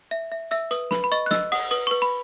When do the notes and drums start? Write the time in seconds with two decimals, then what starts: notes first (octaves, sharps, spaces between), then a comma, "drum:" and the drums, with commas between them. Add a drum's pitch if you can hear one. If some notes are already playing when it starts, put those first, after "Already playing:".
0.11 E5
0.32 E5
0.51 E5 E6, drum: hi-hat
0.71 B4 D#6, drum: hi-hat
0.91 B4 B5, drum: snare
1.04 B5
1.12 D#5 C#6, drum: hi-hat
1.26 F#6
1.31 D#5 E6, drum: snare
1.52 F#5 D#6, drum: open hi-hat
1.71 B4 D#6, drum: hi-hat
1.87 B4 C#6
2.02 B5